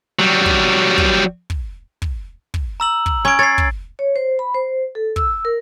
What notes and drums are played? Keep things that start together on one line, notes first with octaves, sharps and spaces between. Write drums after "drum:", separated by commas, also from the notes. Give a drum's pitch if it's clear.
F#3 G3
drum: kick
drum: kick
drum: kick
drum: kick
drum: kick
A#5 E6 F#7
drum: kick
C#4 G#6 D7
C#5 A6 C7
drum: kick
C#5
C5
B5
C5
A4
E6, drum: kick
A#4